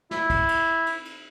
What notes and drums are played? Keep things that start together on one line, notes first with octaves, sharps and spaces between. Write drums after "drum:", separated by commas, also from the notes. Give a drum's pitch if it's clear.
E4, drum: snare
drum: kick A#1, cymbal
drum: cymbal
drum: cymbal
drum: cymbal